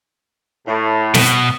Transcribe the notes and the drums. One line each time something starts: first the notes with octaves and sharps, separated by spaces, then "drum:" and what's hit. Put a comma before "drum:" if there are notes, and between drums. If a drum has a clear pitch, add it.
A2
B2, drum: snare